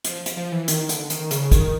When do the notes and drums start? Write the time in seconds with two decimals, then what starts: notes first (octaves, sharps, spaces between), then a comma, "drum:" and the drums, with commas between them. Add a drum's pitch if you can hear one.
0.05 F3, drum: hi-hat
0.26 drum: hi-hat
0.37 F3
0.52 E3
0.68 D#3, drum: hi-hat
0.89 D3, drum: hi-hat
1.10 D#3, drum: hi-hat
1.31 C#3, drum: hi-hat
1.52 D#3, drum: kick, hi-hat